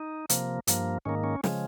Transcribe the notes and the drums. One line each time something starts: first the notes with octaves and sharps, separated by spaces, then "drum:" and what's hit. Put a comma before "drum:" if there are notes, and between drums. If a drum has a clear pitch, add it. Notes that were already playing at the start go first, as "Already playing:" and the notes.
Already playing: D#4
C3 F3 A#3, drum: hi-hat
G2 F3 A#3, drum: hi-hat
G#2 D#3 A#3 C#4
C#4
C#3 F3 G#3, drum: snare